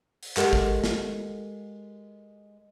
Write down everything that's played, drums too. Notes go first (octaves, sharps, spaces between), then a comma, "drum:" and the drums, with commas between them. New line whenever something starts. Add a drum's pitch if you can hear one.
drum: open hi-hat
G#3 G4 A4 A#4 F#5, drum: clap
drum: kick
drum: snare